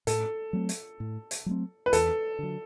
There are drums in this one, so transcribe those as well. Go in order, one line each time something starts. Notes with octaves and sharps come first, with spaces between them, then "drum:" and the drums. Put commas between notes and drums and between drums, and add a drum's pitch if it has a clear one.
A2 A4, drum: hi-hat
F#3 A3 C4
drum: hi-hat
A2
drum: hi-hat
F#3 A3 C4
B4
E2 A4, drum: hi-hat
D3 F#3